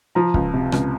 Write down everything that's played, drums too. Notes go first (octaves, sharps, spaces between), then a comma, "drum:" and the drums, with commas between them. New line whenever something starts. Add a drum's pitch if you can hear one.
F3 A#5
C#2, drum: kick
C3
C#2, drum: rim click